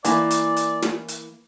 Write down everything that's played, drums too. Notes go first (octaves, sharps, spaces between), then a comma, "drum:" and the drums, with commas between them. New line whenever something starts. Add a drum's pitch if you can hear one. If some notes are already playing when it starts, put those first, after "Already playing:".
E3 A#3 D5, drum: hi-hat
drum: hi-hat
drum: hi-hat
drum: snare
drum: hi-hat